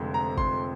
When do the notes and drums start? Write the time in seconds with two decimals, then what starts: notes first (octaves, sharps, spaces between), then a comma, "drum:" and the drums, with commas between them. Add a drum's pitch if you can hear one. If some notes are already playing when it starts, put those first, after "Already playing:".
Already playing: F1 F2 D3 G#3 C4
0.14 A#5
0.38 C6, drum: kick